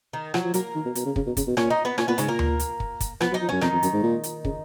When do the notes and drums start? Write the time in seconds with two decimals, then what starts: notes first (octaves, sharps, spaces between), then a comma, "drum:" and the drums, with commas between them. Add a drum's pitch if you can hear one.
0.13 D#3 D#4
0.34 F3 F#3 F#4, drum: rim click
0.44 F3
0.54 F#3 A#3 A#4, drum: hi-hat
0.75 D#3
0.85 B2
0.95 B2, drum: hi-hat
1.06 C#3
1.16 C#3, drum: kick
1.26 B2
1.37 C#3, drum: kick, hi-hat
1.47 B2
1.57 A#2 C#4 C#5, drum: rim click
1.70 D#4 D#5
1.85 B3 B4
1.98 A#2 C#4 C#5, drum: rim click
2.08 A#2 B3 B4
2.18 G#2 C#3 C#4, drum: hi-hat
2.28 A#2 A#3 A#4
2.39 drum: tom D2
2.59 drum: hi-hat
2.80 drum: kick
3.00 drum: kick, hi-hat
3.21 F3 B3 B4, drum: rim click
3.31 F#3
3.34 D#4 D#5
3.42 F3
3.49 F#2 C#4 C#5
3.61 F2 D#3 D#4, drum: rim click
3.72 F2
3.83 F#2, drum: hi-hat
3.93 G#2
4.03 A#2
4.24 drum: hi-hat
4.45 C#3, drum: kick